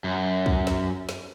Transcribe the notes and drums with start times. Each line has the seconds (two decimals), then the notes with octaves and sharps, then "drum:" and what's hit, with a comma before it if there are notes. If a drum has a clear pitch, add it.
0.04 F#2
0.46 drum: kick
0.67 drum: snare
1.09 drum: snare